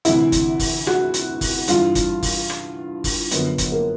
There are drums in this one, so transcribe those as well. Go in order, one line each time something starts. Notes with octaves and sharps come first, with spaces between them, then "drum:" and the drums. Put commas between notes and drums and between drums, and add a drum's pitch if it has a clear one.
D2 C3 E3 E4, drum: hi-hat
drum: kick G1, hi-hat
drum: kick G1, open hi-hat
F#4, drum: rim click
drum: hi-hat
drum: kick G1, open hi-hat
G2 E3 F4, drum: hi-hat
drum: kick G1, hi-hat
drum: kick G1, open hi-hat
drum: rim click
drum: kick G1, open hi-hat
F#2 D3 F3 B3, drum: hi-hat
drum: kick G1, hi-hat
A#3